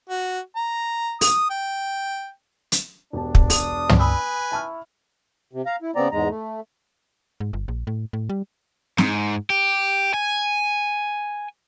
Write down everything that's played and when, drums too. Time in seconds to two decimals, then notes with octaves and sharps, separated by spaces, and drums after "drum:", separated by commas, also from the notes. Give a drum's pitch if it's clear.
0.09 F#4
0.56 A#5
1.21 D#6, drum: open hi-hat
1.50 G5
2.72 drum: hi-hat
3.13 E1 D4 G4 A5
3.35 drum: kick
3.50 D#6, drum: open hi-hat
3.89 drum: tom
3.99 B4 G#5 B5 D#6 E6
4.52 E4 A5 C#6 F6
5.53 C3
5.66 F5 A#5
5.82 E4
5.96 C#3 B3 C4 D5 A#5
6.11 E2 G#2 G#3 A#5
6.29 A3
7.40 G#2
7.53 G1
7.68 A#1
7.87 A2
8.13 A2
8.30 G3
8.98 G#2, drum: snare
9.50 G4
10.14 G#5